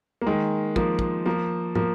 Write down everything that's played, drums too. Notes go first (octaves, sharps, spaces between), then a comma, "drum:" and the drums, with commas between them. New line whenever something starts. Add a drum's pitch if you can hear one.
A#3
D#3 G#3
F3 A#3, drum: kick
drum: kick
F3 A#3
F3 A#3, drum: tom